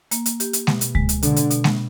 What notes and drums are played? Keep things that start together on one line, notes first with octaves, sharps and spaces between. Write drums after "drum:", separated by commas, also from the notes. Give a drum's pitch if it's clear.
A#3, drum: hi-hat
drum: hi-hat
G4, drum: hi-hat
drum: hi-hat
B2, drum: snare G#3
drum: hi-hat
G#3, drum: kick C#2
drum: hi-hat
B2 D3, drum: hi-hat
drum: hi-hat
B2, drum: hi-hat
drum: snare G#3